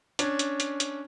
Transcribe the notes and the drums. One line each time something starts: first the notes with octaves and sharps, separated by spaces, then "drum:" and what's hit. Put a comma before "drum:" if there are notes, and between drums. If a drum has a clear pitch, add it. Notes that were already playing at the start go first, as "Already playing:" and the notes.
C#4 D4, drum: hi-hat
drum: hi-hat
drum: hi-hat
drum: hi-hat